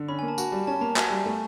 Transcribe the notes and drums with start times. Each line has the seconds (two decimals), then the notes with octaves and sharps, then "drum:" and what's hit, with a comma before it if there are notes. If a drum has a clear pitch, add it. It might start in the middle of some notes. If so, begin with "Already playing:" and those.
Already playing: D3
0.08 C#4 B5
0.19 G#5
0.23 A#3
0.28 A5
0.38 F#4, drum: tambourine
0.52 G3
0.67 C#4 A5
0.81 A#3 A#5
0.96 F#4 G#5, drum: clap
1.10 G3
1.26 A3